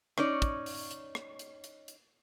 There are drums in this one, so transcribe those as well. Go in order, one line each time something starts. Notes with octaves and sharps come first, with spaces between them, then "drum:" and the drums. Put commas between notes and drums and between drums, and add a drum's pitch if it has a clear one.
C#4 D#4 C#5 D5, drum: rim click
drum: kick, hi-hat
drum: open hi-hat
drum: hi-hat
drum: rim click
drum: hi-hat
drum: hi-hat
drum: hi-hat